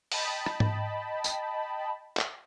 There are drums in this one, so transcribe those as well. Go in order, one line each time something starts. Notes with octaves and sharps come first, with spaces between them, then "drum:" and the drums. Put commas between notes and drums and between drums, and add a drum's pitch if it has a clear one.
D#5 G5 A5 B5, drum: open hi-hat
drum: rim click
drum: tom G#2
drum: tambourine
drum: clap